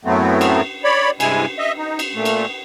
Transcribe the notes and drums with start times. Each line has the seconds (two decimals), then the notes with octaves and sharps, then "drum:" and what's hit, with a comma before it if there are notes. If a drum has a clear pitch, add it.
0.05 F#2 A2 F#3 A3 B3 C4
0.41 drum: cymbal
0.84 C#5 D5 B5
1.20 G2 C3 G#3 E4 G#5, drum: cymbal
1.58 D#5 E5
1.78 D#4
1.99 drum: cymbal
2.14 A#2 A3
2.25 drum: cymbal